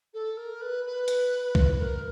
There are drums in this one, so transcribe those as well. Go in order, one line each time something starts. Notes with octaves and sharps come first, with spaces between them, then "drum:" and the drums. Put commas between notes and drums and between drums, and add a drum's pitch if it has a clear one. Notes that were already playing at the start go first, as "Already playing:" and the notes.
A4
A#4
B4
B4
drum: hi-hat
drum: kick C2
A#4